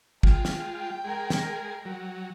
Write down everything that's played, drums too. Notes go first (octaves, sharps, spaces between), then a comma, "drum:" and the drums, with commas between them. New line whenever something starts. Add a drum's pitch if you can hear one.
G#3 F4 G5, drum: kick
drum: snare
G#3 G#4 A#4
drum: snare
F#3